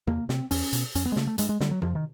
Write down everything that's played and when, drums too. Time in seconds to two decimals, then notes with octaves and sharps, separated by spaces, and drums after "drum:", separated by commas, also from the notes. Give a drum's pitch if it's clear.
0.07 E2 A#3, drum: tom C3
0.29 C3 C4, drum: snare
0.51 E2 C#4, drum: open hi-hat
0.73 B2, drum: hi-hat
0.95 F2 C#4, drum: hi-hat
1.06 B3
1.12 G#3
1.16 C#3 A3, drum: snare
1.27 A3
1.38 G2 G#3, drum: hi-hat
1.49 G#3
1.60 D3 G3, drum: snare
1.71 F#3
1.82 F2 F3, drum: tom C3
1.95 D#3